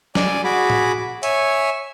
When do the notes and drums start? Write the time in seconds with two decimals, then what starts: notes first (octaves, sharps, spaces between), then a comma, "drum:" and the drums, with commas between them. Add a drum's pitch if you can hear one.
0.15 D5 G#5, drum: snare
0.44 F#4 G#4 B5 D6
0.70 drum: tom A2
1.23 C#5 E5 G#5, drum: hi-hat